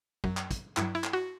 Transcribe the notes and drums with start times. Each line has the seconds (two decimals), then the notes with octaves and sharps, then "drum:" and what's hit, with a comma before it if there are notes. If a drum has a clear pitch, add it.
0.24 F#2 F#3, drum: kick
0.37 drum: clap
0.51 drum: kick, hi-hat
0.77 G2 F#3 E4, drum: clap
0.95 E4
1.04 drum: clap
1.13 F#4